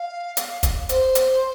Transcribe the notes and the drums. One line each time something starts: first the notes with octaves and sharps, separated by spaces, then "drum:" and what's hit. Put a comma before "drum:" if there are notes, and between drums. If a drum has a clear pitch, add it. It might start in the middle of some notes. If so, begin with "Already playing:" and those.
Already playing: F5
drum: hi-hat
drum: kick, hi-hat
C5, drum: hi-hat
drum: hi-hat